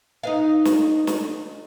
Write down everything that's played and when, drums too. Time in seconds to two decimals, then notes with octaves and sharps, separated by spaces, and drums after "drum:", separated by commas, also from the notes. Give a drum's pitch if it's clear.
0.23 D#4 B4 F5
0.65 drum: snare
1.07 drum: snare